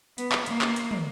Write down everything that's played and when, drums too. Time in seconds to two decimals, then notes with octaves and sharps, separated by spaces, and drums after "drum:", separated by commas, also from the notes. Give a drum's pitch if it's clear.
0.18 B3, drum: hi-hat
0.32 drum: clap
0.46 A#3, drum: hi-hat
0.62 drum: clap
0.76 drum: hi-hat
0.91 drum: tom